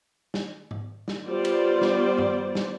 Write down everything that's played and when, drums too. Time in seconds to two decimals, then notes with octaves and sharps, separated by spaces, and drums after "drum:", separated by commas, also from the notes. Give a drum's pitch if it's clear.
0.34 drum: snare
0.71 drum: tom G#2
1.08 drum: snare
1.26 G3 B3 F4 C5 D5
1.45 drum: cymbal
1.82 drum: snare
2.18 drum: tom G2
2.55 drum: snare